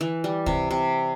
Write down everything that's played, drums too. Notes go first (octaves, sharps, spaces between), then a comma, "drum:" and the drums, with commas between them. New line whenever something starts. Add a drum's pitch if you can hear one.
E3
G3
C3, drum: kick C#2
C3